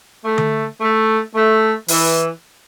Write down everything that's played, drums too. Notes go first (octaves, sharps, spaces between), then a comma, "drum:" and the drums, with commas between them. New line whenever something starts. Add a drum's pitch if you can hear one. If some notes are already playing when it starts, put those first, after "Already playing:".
A3
drum: tom D3
A3
A3
E3, drum: open hi-hat